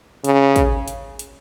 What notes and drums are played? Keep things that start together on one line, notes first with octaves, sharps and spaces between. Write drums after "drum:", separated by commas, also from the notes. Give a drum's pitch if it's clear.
C#3, drum: hi-hat
drum: kick, hi-hat
drum: hi-hat
drum: hi-hat